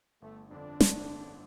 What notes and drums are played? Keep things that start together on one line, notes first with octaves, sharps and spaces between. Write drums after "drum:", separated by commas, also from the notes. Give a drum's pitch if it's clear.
G1 A3
F2 D3 D4
G1, drum: snare